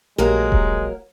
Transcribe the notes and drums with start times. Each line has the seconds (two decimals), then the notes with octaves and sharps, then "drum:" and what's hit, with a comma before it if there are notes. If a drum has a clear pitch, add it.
0.18 A#1 F#3 G#3 A#3 G4 A#4
0.52 drum: kick D#1